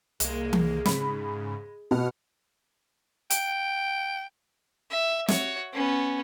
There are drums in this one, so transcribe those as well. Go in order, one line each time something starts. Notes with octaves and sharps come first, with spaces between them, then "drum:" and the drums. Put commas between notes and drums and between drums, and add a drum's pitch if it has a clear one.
C2 G#3 A#3, drum: hi-hat
drum: tom E3
G#2 C#3 B5, drum: snare
B2 F#5 F6
G5, drum: hi-hat
E5
F#4 C#5, drum: snare
B3 C#4